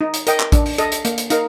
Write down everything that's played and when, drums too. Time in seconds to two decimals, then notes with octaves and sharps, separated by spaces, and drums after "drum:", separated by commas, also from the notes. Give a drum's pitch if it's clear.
0.01 D#4
0.14 drum: hi-hat
0.27 A#4 D#5 G5, drum: hi-hat
0.40 drum: clap
0.52 D4, drum: kick, hi-hat
0.66 drum: open hi-hat
0.78 A4 D#5, drum: hi-hat
0.92 drum: hi-hat
1.05 A#3, drum: hi-hat
1.18 drum: hi-hat
1.30 D#4 A#4 F5, drum: hi-hat